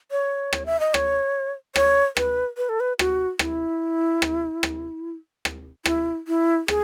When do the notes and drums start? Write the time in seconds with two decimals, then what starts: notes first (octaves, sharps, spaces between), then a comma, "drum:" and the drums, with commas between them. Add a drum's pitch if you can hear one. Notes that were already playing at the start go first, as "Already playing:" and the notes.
0.11 C#5
0.53 drum: rim click
0.66 E5
0.80 D#5
0.94 C#5, drum: rim click
1.76 C#5, drum: rim click
2.17 B4, drum: rim click
2.57 B4
2.69 A4
2.80 B4
2.99 F#4, drum: rim click
3.39 E4, drum: rim click
4.22 drum: rim click
4.63 drum: rim click
5.45 drum: rim click
5.85 E4, drum: rim click
6.28 E4
6.68 G#4, drum: rim click